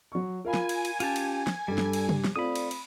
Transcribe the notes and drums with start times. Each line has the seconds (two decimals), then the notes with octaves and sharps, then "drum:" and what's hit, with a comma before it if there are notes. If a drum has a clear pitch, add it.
0.12 F#3 C#6
0.45 F4 A#4 F5 G#5 B5
0.54 drum: snare
0.69 drum: cymbal
0.85 drum: cymbal
1.00 C#4 F4 G4 A5, drum: cymbal
1.16 drum: cymbal
1.47 drum: snare
1.68 G2 G3 D4 A4
1.78 drum: snare
1.93 drum: cymbal
2.09 drum: tom C3
2.24 drum: snare
2.36 A3 C4 F4 D5 B5 D#6
2.55 drum: cymbal
2.71 drum: cymbal